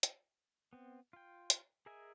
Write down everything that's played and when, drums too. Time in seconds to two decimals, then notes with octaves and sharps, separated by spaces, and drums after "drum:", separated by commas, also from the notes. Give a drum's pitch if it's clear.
0.03 drum: hi-hat
0.73 B3 C4
1.13 F4 G5
1.50 drum: hi-hat
1.86 G#4 A#4 D#5 E5 G#5